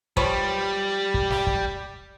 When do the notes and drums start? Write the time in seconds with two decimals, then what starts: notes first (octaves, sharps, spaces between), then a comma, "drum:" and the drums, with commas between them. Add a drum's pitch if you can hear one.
0.17 F3 G3 B4 C#5, drum: kick
1.14 drum: kick
1.30 drum: snare
1.47 drum: kick